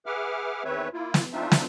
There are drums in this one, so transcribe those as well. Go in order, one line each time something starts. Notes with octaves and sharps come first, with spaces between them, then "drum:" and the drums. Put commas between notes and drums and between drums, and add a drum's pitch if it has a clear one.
G#4 B4 E5 F#5 D6 F6
E2 D#3 C4 B4 C#5 E5
A#3 E4 F4
drum: snare
A3 C4 D4 D#4 F4 E5
drum: snare